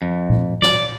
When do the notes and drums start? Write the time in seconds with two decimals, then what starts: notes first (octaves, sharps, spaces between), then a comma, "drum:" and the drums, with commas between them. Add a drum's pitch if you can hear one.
0.02 F2
0.30 drum: tom A#2
0.62 D5, drum: snare